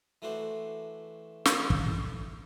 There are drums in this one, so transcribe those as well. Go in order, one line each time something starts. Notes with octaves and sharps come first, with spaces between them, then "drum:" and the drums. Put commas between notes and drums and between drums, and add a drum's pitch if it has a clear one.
E3 A3 D4 F#4 C5
drum: snare
drum: kick